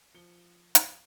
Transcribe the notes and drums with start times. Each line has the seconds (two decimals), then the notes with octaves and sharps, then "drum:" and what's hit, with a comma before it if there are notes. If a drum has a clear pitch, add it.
0.14 F3 C#7 G7
0.75 drum: hi-hat